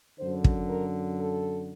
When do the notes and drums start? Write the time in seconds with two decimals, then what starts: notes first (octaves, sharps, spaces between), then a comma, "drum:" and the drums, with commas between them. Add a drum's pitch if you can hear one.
0.19 F#2 D3 C5
0.44 drum: kick
0.69 A#4
1.20 A4